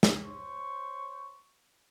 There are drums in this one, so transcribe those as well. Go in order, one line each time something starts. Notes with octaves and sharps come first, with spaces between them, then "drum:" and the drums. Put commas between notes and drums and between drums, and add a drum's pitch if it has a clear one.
drum: snare
C5 C#5 C#6